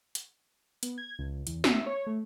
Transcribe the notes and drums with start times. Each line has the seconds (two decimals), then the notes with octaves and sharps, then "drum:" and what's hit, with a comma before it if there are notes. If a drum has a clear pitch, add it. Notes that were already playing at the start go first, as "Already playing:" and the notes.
0.15 drum: hi-hat
0.83 B3, drum: hi-hat
0.98 G#6
1.19 C#2
1.47 E2, drum: hi-hat
1.64 E5, drum: snare
1.86 C#5
2.07 A3